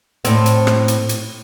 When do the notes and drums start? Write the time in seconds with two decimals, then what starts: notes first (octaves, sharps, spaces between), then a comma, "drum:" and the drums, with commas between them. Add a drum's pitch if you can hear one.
0.25 A2 C4, drum: hi-hat
0.46 drum: hi-hat
0.67 drum: rim click
0.88 drum: hi-hat
1.09 drum: hi-hat